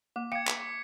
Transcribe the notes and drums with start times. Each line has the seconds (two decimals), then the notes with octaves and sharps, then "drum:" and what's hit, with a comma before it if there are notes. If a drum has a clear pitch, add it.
0.16 A#3 D6
0.32 F5 G5 G#6 C#7
0.48 B6, drum: clap